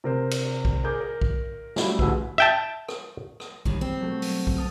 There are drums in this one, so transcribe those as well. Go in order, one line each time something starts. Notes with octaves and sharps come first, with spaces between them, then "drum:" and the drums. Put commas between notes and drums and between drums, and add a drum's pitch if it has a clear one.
C3 A#4 C5
drum: cymbal
drum: kick B1
G#4 A#4 D6 G6
A#4
drum: kick B1
F#3 G3 A3 C#4 E4, drum: snare
A1 D2 A2 G#4 B4 E6, drum: kick B1
E5 G5 A5
drum: rim click
drum: rim click
D#2 D#3 G3, drum: kick B1
C4
B2 F#3 A3
drum: open hi-hat
drum: kick B1
A5 D#6 F6